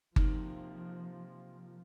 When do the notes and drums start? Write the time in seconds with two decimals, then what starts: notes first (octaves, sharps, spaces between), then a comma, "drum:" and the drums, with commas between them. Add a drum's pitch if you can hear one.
0.16 C3 F3 A#3 D#4, drum: kick G1